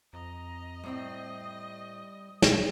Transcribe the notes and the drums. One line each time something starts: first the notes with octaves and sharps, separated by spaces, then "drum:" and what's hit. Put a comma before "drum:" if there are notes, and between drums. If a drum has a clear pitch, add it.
F2 D#5 A#5
A2 G3 C4 G5 D#6
drum: snare